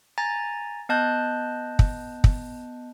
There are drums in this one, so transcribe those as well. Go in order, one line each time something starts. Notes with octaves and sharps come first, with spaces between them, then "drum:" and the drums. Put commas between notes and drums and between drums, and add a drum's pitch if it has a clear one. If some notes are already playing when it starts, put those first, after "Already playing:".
G#5 A#5 A6
B3 D#5 A5 F#6 G6
drum: kick
drum: kick